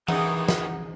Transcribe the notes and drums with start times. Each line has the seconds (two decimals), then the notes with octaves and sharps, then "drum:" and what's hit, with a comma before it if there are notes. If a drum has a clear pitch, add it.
0.08 D#3 E3 D#4 G#4 F#5, drum: tom E3
0.48 drum: snare